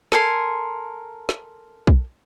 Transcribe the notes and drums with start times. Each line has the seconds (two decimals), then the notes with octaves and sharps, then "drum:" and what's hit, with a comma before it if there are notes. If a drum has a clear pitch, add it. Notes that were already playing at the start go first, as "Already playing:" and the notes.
0.12 A4 A#4 G#5 C6, drum: snare
1.29 drum: snare
1.87 drum: kick B1